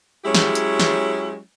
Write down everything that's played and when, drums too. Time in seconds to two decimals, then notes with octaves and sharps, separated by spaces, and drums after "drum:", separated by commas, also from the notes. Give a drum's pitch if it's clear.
0.24 F#3 G#3 C#4 E4 G4 G#4
0.34 drum: snare
0.55 drum: hi-hat
0.80 drum: snare